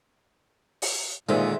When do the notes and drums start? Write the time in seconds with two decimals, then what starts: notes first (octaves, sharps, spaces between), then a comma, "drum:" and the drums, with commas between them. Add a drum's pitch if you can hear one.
0.82 drum: open hi-hat
1.29 A#2 D3 D#3 G#3 D#4 C5 E5